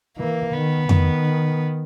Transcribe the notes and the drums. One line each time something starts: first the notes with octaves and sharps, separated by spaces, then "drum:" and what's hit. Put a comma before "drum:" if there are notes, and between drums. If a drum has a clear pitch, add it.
E3 A#3
D#3 B3
D#3, drum: tom F2